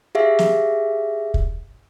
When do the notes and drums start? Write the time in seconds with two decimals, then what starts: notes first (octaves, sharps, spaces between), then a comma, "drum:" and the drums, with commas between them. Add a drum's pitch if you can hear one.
0.15 G4 G#4 E5 F5
0.39 drum: snare
1.34 drum: kick